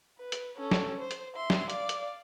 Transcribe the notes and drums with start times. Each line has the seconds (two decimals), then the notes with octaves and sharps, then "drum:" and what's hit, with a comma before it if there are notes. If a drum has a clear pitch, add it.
0.19 B4
0.32 drum: hi-hat
0.57 C#4 A4
0.71 drum: snare
1.00 C5
1.11 drum: hi-hat
1.36 E5 C6
1.50 drum: snare
1.70 D5 F5, drum: hi-hat
1.89 drum: hi-hat